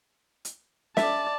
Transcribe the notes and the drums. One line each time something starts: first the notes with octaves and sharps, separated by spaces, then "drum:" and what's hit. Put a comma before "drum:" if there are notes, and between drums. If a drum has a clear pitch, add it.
drum: hi-hat
D5 E5 A5, drum: snare